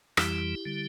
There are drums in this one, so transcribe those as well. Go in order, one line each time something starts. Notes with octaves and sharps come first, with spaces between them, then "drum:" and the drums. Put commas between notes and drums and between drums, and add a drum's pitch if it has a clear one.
F2 E3 G3 E4 G4, drum: rim click
D3 G3